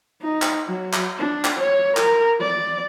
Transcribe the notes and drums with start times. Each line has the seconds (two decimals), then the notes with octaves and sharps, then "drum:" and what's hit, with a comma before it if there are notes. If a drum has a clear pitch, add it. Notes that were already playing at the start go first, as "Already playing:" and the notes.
0.22 D#4
0.42 drum: clap
0.68 F#3
0.93 drum: clap
1.19 D4
1.45 drum: clap
1.59 C#5
1.97 A#4, drum: clap
2.41 D5